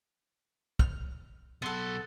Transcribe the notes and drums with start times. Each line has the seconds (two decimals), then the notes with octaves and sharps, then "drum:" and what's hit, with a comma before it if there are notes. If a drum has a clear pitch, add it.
0.79 F6, drum: kick
1.62 B1 B3 A4 C6